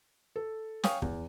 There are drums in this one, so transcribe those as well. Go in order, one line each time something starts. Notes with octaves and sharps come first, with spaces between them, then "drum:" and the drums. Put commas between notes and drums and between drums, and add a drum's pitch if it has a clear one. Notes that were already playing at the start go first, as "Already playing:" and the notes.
A4
C#5 F5 G5 G#5 C#6 D#6, drum: snare
E2, drum: kick